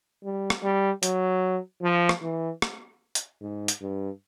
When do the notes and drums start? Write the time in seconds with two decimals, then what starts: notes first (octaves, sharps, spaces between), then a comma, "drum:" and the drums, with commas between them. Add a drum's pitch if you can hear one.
0.24 G3
0.50 drum: rim click
0.63 G3
1.03 F#3, drum: hi-hat
1.82 F3
2.09 drum: rim click
2.22 E3
2.62 drum: rim click
3.15 drum: hi-hat
3.41 G#2
3.68 drum: hi-hat
3.82 G2